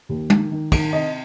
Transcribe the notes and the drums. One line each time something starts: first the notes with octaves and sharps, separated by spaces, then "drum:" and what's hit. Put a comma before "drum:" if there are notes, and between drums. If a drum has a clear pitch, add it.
D#2
D#3, drum: tom
D#3
D#3, drum: kick, cymbal
C3 D#5